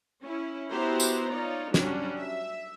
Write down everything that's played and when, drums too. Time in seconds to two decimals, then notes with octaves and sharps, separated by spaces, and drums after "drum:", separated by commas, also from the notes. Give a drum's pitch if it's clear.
0.23 C#4 E4
0.71 B3 E4 F#4 G4 C5 A#5
1.00 drum: tambourine
1.32 D#4 F4 C#5 D5
1.74 F#3 G3 C#4 D4 F#4, drum: snare
2.19 E5